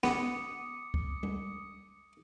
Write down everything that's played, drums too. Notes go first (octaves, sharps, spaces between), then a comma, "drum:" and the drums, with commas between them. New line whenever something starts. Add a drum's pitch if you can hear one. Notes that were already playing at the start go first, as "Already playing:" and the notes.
B3 D6 D#6 C#7, drum: snare
drum: kick C#2
drum: tom G3